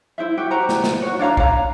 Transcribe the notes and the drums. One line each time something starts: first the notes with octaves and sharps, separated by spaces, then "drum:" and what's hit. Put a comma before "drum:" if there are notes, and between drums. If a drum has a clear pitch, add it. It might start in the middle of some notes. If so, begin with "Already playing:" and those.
E4 C5 E5
F#4 G4 G5
F#4 G4 C5 A#5
drum: snare
drum: snare
F#4 C#5
D4 C#5 F5 A#5
F5 A#5, drum: kick B1